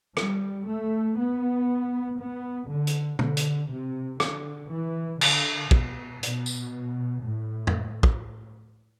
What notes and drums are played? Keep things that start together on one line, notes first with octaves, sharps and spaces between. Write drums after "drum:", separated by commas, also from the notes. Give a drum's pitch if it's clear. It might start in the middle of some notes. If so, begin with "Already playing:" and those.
G3, drum: rim click
A3
B3
B3
D3
drum: hi-hat
D3, drum: tom
drum: hi-hat
C3
D3, drum: rim click
E3
D3, drum: cymbal
B2, drum: kick
B2, drum: hi-hat
drum: tambourine
A2
drum: tom F2
drum: kick